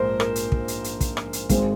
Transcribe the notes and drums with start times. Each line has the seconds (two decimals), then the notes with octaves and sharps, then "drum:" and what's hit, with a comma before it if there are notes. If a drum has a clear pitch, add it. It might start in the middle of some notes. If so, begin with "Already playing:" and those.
Already playing: A#1 G#2 F3 G#3 A#4 C5
0.20 A#4, drum: rim click
0.36 drum: hi-hat
0.52 drum: kick
0.68 drum: hi-hat
0.84 drum: hi-hat
1.01 drum: kick, hi-hat
1.17 drum: rim click
1.33 drum: hi-hat
1.49 G#1 G#2 G#3 C4, drum: kick, hi-hat